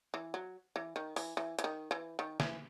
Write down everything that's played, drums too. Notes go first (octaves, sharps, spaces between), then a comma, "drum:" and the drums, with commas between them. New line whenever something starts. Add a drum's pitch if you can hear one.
E3
F#3
E3
D#3
E3, drum: open hi-hat
E3
E3, drum: hi-hat
D#3
E3
D#3
E3, drum: snare